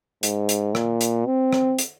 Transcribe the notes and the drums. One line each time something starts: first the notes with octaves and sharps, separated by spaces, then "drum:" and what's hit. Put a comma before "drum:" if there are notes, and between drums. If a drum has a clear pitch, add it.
G#2, drum: hi-hat
drum: hi-hat
A#2, drum: rim click
drum: hi-hat
C4
drum: rim click
drum: hi-hat